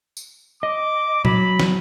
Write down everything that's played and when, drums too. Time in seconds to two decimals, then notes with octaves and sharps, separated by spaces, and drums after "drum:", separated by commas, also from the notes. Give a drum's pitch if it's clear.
0.17 drum: tambourine
0.63 D#5 D6
1.25 F#3 B5, drum: tom A#2
1.60 drum: snare